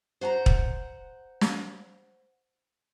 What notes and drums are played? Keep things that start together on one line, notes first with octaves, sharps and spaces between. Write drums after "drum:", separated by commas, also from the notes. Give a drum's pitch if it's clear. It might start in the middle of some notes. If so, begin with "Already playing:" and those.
C5 F#5 A5 A#5
drum: kick
drum: snare